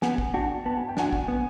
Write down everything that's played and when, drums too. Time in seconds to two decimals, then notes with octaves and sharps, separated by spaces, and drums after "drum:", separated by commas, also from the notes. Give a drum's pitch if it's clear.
0.02 B3 F#5 G#5, drum: snare
0.18 drum: kick
0.34 D4 F#4 G5 A5
0.66 B3 A5
0.77 G#5
0.89 G5
0.97 D4 F#4 F#5 G#5, drum: snare
1.13 drum: kick
1.28 B3